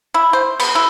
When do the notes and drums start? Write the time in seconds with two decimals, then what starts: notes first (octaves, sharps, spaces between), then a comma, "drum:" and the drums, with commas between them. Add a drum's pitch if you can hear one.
0.14 E4
0.33 C5
0.60 B3, drum: cymbal
0.75 E4